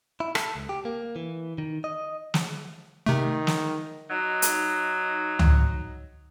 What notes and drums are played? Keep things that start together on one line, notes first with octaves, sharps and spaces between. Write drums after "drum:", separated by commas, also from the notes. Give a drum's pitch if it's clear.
E4
A4, drum: rim click
C#2
G4
A#3
E3
D#3
D#5
drum: snare
C3 D#3 A3
drum: snare
F#3 D#4
drum: hi-hat
drum: tom C#2